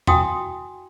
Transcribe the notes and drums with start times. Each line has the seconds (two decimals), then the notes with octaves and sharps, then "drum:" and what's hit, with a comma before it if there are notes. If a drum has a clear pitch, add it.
0.07 E4 F#4 F5 G5 G#5 D#6, drum: tom E2